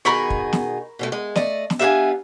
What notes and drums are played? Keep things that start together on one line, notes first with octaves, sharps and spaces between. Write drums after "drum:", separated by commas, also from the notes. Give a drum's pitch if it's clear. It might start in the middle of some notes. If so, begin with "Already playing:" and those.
B2 D#3 G#4 A#4 B5 C#6
drum: kick
drum: snare
B2 G3 A3
G#3
A3 D5 D#5, drum: snare
drum: snare
G3 B3 D4 E5 F5 G#5